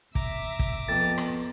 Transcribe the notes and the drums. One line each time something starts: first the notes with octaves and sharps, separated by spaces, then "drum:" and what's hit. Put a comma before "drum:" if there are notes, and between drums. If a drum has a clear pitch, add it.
E5 A#5 D6, drum: kick
drum: kick
F2 B3 A5
drum: rim click